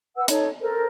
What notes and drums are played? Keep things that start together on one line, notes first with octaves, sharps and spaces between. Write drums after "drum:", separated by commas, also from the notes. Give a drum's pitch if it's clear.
B4 F#5 E6
D#4 A4 C#5, drum: hi-hat
A4 A#4 C5